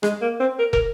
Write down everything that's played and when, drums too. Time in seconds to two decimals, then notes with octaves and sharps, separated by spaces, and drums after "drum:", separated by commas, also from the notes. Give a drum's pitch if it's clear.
0.03 G#3, drum: rim click
0.22 A#3
0.40 C4
0.59 A#4
0.73 A#4, drum: kick